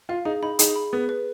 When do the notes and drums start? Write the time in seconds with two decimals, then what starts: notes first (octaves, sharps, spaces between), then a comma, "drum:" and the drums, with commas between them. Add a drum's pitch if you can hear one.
0.09 F4 F5
0.25 D#4 G#4
0.42 D#4 B5
0.59 D#4 G#4, drum: hi-hat
0.76 B5
0.93 B3 G#4
1.09 B4